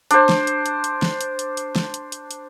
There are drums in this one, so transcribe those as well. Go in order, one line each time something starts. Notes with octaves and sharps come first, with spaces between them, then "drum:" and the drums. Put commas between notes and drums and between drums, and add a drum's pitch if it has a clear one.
D4 C5, drum: hi-hat
drum: snare
drum: hi-hat
drum: hi-hat
drum: hi-hat
drum: snare
drum: hi-hat
drum: hi-hat
drum: hi-hat
drum: snare
drum: hi-hat
drum: hi-hat
drum: hi-hat